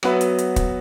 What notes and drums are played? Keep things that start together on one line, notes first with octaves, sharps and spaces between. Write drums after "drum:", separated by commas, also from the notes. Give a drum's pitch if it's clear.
F#3 B3 F#4 B4 E5, drum: rim click
drum: hi-hat
drum: hi-hat
drum: kick, hi-hat